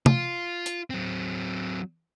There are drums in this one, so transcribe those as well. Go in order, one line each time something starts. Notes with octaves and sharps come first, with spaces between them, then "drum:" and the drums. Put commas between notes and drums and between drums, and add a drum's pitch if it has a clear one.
F4, drum: tom
drum: hi-hat
F#3 C4